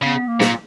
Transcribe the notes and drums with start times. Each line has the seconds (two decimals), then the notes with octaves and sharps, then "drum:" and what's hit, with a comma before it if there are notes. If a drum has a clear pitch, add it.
0.03 C#3 B3
0.28 A#3
0.40 A#2, drum: snare